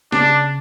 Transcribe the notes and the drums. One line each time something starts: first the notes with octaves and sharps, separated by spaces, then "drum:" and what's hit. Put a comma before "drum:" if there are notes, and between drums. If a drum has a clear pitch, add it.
C#3 D4, drum: snare